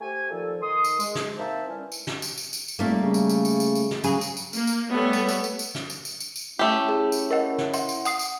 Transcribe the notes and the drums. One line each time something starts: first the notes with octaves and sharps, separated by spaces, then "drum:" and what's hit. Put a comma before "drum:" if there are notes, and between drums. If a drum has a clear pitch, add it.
A3 G4 C5 G#5
A#2 D#3 F3 A4
D#3 C6 D#6
drum: tambourine
G#3, drum: tambourine
drum: snare
A#3 C4 D#4 C5 E5 A5
E3 G3 C#4
drum: tambourine
drum: snare
drum: tambourine
drum: tambourine
drum: tambourine
drum: tambourine
F1 G3 A3 A#3
C#3
drum: tambourine
drum: tambourine
drum: tambourine
drum: tambourine
drum: tambourine
drum: snare
C#3 F#3 G#4, drum: tambourine
drum: tambourine
drum: tambourine
A#3, drum: tambourine
drum: tambourine
G3 A3 B3 A4 C#5
drum: tambourine
drum: tambourine
drum: tambourine
drum: tambourine
drum: snare
drum: tambourine
drum: tambourine
drum: tambourine
drum: tambourine
A3 C#4 E4 G4
G#4
drum: tambourine
A#4 D#5 F#5
drum: snare
E5 F#5 C6, drum: tambourine
drum: tambourine
F#5 D#6 C7, drum: tambourine
drum: tambourine